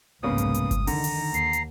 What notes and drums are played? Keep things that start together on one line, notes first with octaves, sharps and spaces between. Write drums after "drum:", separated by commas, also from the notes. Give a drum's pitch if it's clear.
F1 C2 G#2 C#3 A#3 B3 D#6
drum: hi-hat
drum: hi-hat
drum: kick G1, hi-hat
D3 D#3 A#5, drum: open hi-hat
drum: open hi-hat
D#2 C7, drum: hi-hat
drum: hi-hat